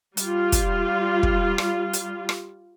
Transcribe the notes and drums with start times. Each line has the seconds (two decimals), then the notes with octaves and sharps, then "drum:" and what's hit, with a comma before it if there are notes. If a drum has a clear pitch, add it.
0.17 G3 F4, drum: hi-hat
0.52 drum: kick, hi-hat
1.23 drum: kick
1.58 drum: rim click
1.93 drum: hi-hat
2.29 drum: rim click